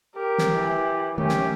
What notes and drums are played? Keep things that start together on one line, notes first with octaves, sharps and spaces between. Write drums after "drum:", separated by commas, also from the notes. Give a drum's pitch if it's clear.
G4 A#4
drum: snare
E3
D#3 A3 C#4 G4
drum: snare